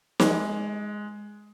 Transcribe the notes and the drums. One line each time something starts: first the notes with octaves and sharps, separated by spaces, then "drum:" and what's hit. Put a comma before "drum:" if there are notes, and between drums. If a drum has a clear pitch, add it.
G#3, drum: snare